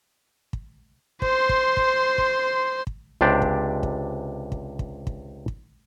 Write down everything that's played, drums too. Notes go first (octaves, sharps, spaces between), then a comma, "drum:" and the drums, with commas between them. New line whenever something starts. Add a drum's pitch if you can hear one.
drum: kick
C5 C6, drum: kick
drum: kick
drum: kick
drum: kick
drum: kick
C#2 C3 D4 G4 C5 D5
drum: kick
drum: kick
drum: kick
drum: kick
drum: kick
drum: kick